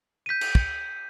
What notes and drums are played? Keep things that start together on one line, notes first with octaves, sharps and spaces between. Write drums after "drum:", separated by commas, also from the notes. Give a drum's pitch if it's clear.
G6 B6 D#7
drum: cymbal
drum: kick